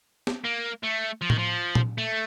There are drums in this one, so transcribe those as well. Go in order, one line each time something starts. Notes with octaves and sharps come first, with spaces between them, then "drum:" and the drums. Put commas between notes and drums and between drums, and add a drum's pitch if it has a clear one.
drum: snare
A#3
A3
F3
D#3, drum: tom A2
F3
drum: tom A#2
A3